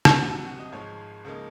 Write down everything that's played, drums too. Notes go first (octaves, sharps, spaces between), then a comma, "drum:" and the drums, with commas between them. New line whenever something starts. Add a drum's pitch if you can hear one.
drum: rim click
C2 C3 F#3 C4 F#4
F#4
F#4
D#5
G#1 G#2 F3 G#3 C#5
C#2 C#3 F3 A#3 D#4